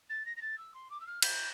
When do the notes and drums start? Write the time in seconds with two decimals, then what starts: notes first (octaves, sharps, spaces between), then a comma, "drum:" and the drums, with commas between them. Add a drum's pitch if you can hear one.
0.09 A6
0.25 A#6
0.36 A#6
0.41 A6
0.57 E6
0.74 C6
0.90 D6
1.00 E6
1.06 F6
1.22 G6, drum: cymbal